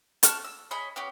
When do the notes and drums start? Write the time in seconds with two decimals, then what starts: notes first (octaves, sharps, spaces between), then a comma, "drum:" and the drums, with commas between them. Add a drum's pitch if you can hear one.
0.23 A5 C#6 F6 F#6, drum: hi-hat
0.44 E6
0.71 C#4 G#4 D#5 B5
0.96 B3 C#4 G4